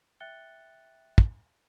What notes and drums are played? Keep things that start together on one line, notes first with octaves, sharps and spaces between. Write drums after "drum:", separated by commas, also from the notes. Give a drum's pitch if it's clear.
E5 G5 F#6 A6 C#7 G7
drum: kick